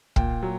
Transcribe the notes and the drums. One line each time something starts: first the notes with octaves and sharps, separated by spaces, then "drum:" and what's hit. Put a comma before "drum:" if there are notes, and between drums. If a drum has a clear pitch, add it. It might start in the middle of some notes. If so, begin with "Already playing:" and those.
A#2 G5, drum: kick
F#3